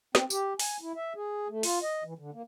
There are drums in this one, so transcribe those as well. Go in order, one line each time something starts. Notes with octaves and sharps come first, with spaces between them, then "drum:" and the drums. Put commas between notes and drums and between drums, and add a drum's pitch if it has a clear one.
C4, drum: snare
G4, drum: tambourine
G#5, drum: open hi-hat
E4
E5
G#4
A3
F4, drum: open hi-hat
D#5
E3
D3
A#3